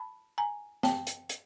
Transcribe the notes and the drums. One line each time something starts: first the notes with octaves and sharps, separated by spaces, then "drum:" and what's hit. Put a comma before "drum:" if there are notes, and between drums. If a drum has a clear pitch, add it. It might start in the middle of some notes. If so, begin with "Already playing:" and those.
Already playing: A5 B5
G#5 A#5
G5 A5, drum: snare
drum: hi-hat
drum: hi-hat